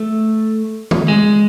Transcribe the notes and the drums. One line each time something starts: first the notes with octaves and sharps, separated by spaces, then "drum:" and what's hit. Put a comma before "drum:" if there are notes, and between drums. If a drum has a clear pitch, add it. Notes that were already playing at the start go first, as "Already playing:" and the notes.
Already playing: A3
drum: tom D#3
G#3